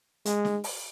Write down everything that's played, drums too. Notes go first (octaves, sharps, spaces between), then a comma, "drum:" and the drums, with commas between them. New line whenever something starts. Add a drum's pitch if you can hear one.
G#3, drum: hi-hat
drum: snare
drum: open hi-hat